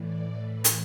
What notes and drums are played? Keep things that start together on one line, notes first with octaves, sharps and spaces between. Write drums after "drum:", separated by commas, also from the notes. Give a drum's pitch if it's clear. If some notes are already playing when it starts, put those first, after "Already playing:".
Already playing: A2 E3 D5
B4
drum: hi-hat